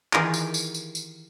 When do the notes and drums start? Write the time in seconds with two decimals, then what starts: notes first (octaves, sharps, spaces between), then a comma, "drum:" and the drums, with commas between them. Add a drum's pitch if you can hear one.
0.13 D#3 E3 F4 G4 G#4 A#4, drum: clap
0.34 drum: tambourine
0.54 drum: tambourine
0.74 drum: tambourine
0.95 drum: tambourine